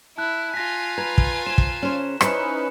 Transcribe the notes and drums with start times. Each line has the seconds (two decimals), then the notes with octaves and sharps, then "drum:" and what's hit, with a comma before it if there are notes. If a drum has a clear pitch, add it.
0.18 E4 A5 F#6
0.54 F4 G#5 A#6 B6
0.98 B4 A#5 G#6 F7
1.18 drum: kick
1.46 C5 E7
1.58 drum: kick
1.83 C#3 C#4 C5
2.21 C#4 D#4 E4 B4 C5 E5 C#7, drum: rim click